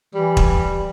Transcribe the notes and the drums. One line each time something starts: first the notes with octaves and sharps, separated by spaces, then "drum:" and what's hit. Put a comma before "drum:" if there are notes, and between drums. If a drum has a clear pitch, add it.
E3 G3
drum: kick E1